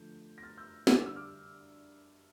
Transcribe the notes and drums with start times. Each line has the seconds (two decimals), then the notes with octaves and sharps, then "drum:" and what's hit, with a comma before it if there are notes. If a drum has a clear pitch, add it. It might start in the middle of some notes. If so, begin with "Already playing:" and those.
Already playing: D3 F3 A3 G6
0.38 A#6
0.43 F6 A6
0.57 E6 G6
0.87 D3 G3 D4, drum: snare
0.96 D6
1.06 E6
1.16 D6 F6